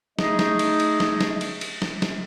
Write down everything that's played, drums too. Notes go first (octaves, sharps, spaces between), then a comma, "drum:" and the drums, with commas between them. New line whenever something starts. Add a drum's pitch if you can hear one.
A3 D#4 G#4 D#5, drum: snare
drum: snare
drum: cymbal
drum: cymbal
drum: snare
drum: snare
drum: cymbal
drum: cymbal
drum: snare
drum: snare